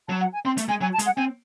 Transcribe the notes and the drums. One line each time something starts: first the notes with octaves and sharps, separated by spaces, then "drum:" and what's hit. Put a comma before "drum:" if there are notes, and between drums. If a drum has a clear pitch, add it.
F#3 A5
F#5
G#5
C4 C6
A3, drum: hi-hat
G#3 G#5
F#3 G#5
A5
G#3, drum: hi-hat
F#5
C4 G#5